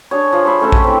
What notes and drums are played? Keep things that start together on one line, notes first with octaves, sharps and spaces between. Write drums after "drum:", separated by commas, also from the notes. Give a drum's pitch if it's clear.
D4 G#4 C#5
F3
C5 C#5 E5 B5
A3 C#4 A4
G4, drum: kick
E3 C4